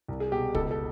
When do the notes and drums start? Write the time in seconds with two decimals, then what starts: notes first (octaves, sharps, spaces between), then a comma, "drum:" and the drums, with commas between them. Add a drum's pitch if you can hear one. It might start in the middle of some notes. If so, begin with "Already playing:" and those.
0.08 C2
0.20 G#4
0.32 B2 G4
0.55 C#2 A4, drum: kick
0.71 A4